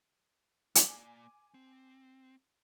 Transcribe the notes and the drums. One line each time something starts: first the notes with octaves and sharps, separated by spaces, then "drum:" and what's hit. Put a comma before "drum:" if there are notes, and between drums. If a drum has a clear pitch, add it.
A#3 D5 G#5 D6, drum: hi-hat
C4